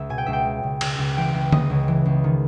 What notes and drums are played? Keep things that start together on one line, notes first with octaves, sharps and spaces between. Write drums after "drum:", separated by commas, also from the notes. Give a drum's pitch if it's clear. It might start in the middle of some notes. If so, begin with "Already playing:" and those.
Already playing: C#2 E5
B2 G#5
G5
C#2 E5
G5
G#3
C#2
C#3, drum: cymbal
C#2
E3 G5
C#2
C#3 D#5, drum: tom D3
C#2
E3
C#2
D#3